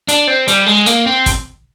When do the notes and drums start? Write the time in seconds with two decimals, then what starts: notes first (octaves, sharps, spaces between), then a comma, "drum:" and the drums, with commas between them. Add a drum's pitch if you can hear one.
0.08 D4, drum: hi-hat
0.27 C4
0.48 G3, drum: hi-hat
0.66 G#3
0.86 A#3, drum: hi-hat
1.06 C4
1.26 drum: kick, hi-hat